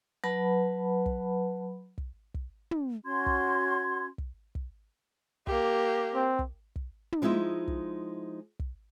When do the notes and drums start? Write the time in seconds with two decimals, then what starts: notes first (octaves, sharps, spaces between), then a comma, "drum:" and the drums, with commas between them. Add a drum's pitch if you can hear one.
0.24 F#3 B4 F#5 A5 B5
1.06 drum: kick
1.98 drum: kick
2.34 drum: kick
2.71 drum: tom
3.05 C#4 F#4 C6 G#6
3.26 drum: kick
4.18 drum: kick
4.55 drum: kick
5.47 A#3 G4, drum: kick
6.15 C4
6.39 drum: kick
6.76 drum: kick
7.12 drum: tom
7.22 F3 G#3 D#4 E4 E5
7.68 drum: kick
8.59 drum: kick